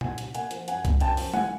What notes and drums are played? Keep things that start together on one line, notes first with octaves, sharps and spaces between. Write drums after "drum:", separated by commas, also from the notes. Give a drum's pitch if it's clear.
C2 F#5 G#5, drum: tom A#2
C3, drum: hi-hat
A#3 F#5 G#5, drum: hi-hat
F3, drum: hi-hat
F#2 F#5 G#5, drum: hi-hat
D3, drum: kick, hi-hat
F#2 G5 A5, drum: hi-hat
F3, drum: open hi-hat
C#3 F#5 G#5, drum: tom G#3